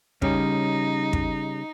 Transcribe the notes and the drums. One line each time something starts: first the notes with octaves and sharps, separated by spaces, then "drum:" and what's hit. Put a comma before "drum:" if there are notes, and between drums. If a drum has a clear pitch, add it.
C#3 G3 C#4 D#4, drum: kick
drum: kick